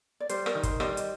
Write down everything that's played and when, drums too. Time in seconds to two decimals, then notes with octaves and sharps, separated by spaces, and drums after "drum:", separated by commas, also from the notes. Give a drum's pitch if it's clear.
0.20 D5
0.29 G3 C5, drum: hi-hat
0.46 A#4 D5, drum: rim click
0.55 D#3
0.63 C5, drum: kick, hi-hat
0.80 G3 C5 D#5, drum: rim click
0.97 drum: hi-hat